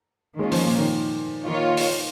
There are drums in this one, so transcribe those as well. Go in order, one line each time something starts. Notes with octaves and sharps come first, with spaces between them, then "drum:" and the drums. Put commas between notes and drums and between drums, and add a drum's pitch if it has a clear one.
D#3 G#3 A#3 C#4 F4
F3, drum: open hi-hat
A#2
D#3
D#3 A#3 F4 C#5
drum: open hi-hat